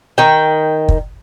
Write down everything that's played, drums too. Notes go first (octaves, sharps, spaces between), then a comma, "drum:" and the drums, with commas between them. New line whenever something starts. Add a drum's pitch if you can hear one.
D#3 G5
drum: kick